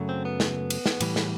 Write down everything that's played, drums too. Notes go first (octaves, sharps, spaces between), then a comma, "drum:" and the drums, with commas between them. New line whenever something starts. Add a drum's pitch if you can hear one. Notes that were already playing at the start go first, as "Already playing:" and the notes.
Already playing: F#2 C#3 F#3 A3
C4
B3
drum: snare
drum: cymbal
drum: snare
A2 E3 G3, drum: cymbal
drum: snare